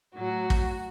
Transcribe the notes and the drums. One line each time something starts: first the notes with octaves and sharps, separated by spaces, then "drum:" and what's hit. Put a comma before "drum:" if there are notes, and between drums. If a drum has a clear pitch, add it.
A2 F#3 F#4
drum: kick